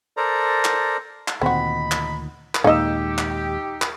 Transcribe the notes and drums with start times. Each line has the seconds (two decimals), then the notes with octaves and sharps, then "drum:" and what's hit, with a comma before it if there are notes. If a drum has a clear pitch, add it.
0.17 A4 A#4 C5 D5 A#5
0.65 drum: clap
1.28 drum: clap
1.42 D2 A#2 D#3 C4 D#4 F#4 B5
1.91 drum: clap
2.55 drum: clap
2.64 D#2 A#2 G#3 A#3 D#4 G4 D#5 E6
3.18 drum: clap
3.82 drum: clap